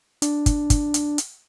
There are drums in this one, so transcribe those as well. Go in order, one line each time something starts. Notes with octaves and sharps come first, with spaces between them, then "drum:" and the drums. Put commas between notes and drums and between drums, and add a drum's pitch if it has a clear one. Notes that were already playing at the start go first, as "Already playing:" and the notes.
D4, drum: hi-hat
drum: kick, hi-hat
drum: kick, hi-hat
drum: hi-hat
drum: hi-hat